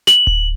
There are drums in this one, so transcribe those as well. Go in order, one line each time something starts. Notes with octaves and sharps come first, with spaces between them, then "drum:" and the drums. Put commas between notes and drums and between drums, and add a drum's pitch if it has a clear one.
F#7, drum: snare
drum: kick D1